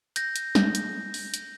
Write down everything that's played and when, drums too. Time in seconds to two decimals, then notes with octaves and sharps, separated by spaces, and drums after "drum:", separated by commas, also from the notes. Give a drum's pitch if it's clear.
0.16 G6 A#6, drum: hi-hat
0.36 drum: hi-hat
0.55 drum: snare
0.75 drum: hi-hat
1.14 drum: open hi-hat
1.34 drum: hi-hat